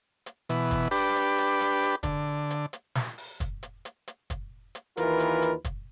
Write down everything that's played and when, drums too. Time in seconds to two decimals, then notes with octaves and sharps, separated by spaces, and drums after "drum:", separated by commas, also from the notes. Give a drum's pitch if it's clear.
0.26 drum: hi-hat
0.49 B2 E3, drum: hi-hat
0.71 drum: kick, hi-hat
0.91 D4 G4 B4, drum: open hi-hat
1.16 drum: hi-hat
1.38 drum: hi-hat
1.61 drum: hi-hat
1.83 drum: hi-hat
2.03 D3, drum: kick, hi-hat
2.50 drum: hi-hat
2.73 drum: hi-hat
2.95 drum: snare
3.18 drum: open hi-hat
3.40 drum: kick, hi-hat
3.63 drum: hi-hat
3.85 drum: hi-hat
4.07 drum: hi-hat
4.30 drum: kick, hi-hat
4.75 drum: hi-hat
4.97 D#2 E3 F4 A#4 B4, drum: hi-hat
5.20 drum: hi-hat
5.42 drum: hi-hat
5.64 drum: kick, hi-hat